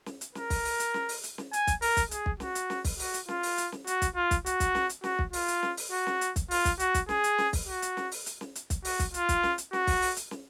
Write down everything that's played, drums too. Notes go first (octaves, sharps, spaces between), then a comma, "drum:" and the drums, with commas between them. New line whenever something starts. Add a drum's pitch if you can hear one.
drum: snare
drum: hi-hat
A#4, drum: snare
drum: kick, open hi-hat
drum: open hi-hat
drum: hi-hat
drum: snare
drum: open hi-hat
drum: hi-hat
drum: snare
G#5, drum: hi-hat
drum: kick, hi-hat
A#4, drum: open hi-hat
drum: kick, hi-hat
G#4, drum: hi-hat
drum: kick
F#4, drum: snare
drum: hi-hat
drum: snare
drum: kick, open hi-hat
F#4, drum: open hi-hat
drum: hi-hat
F4, drum: snare
drum: open hi-hat
drum: hi-hat
drum: snare
F#4, drum: hi-hat
drum: kick, hi-hat
F4
drum: kick, hi-hat
F#4, drum: hi-hat
drum: kick, hi-hat
drum: snare
drum: hi-hat
F#4, drum: snare
drum: kick
F4, drum: open hi-hat
drum: hi-hat
drum: snare
drum: open hi-hat
F#4
drum: snare
drum: hi-hat
drum: kick, hi-hat
F4, drum: open hi-hat
drum: kick, hi-hat
F#4, drum: hi-hat
drum: kick, hi-hat
G#4, drum: snare
drum: hi-hat
drum: snare
drum: kick, open hi-hat
F#4
drum: hi-hat
drum: snare
drum: open hi-hat
drum: hi-hat
drum: snare
drum: hi-hat
drum: kick, hi-hat
F#4, drum: open hi-hat
drum: kick, hi-hat
F4, drum: hi-hat
drum: kick, hi-hat
drum: snare
drum: hi-hat
F#4, drum: snare
drum: kick, open hi-hat
drum: open hi-hat
drum: hi-hat
drum: snare